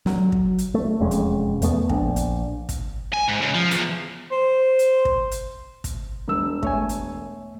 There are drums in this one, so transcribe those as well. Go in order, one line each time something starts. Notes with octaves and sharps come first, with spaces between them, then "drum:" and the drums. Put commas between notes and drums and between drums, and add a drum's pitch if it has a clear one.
F#3, drum: snare
drum: kick
drum: hi-hat
A3
E1 F2 G#3 C#4
drum: hi-hat
E2 A3 B3, drum: hi-hat
A#1 D4, drum: kick
drum: hi-hat
drum: kick, hi-hat
G#5
G#2
C#2
F3
E2, drum: hi-hat
C5
drum: hi-hat
drum: kick
drum: hi-hat
drum: kick, hi-hat
E1 E6
A3 C#5 G#5, drum: kick
drum: hi-hat